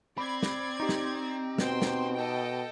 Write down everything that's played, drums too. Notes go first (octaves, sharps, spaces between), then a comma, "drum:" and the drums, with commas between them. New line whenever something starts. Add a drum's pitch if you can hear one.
C4 D5 B5 G#6
drum: snare
D#4 G4
drum: snare
B2 C5 G5 C6, drum: snare
drum: snare
A4 D#5 G5